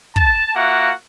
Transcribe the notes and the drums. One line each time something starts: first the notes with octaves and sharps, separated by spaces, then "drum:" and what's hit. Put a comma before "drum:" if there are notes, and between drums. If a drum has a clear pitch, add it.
A5, drum: kick
A#3 F4 F#4 E5 F#5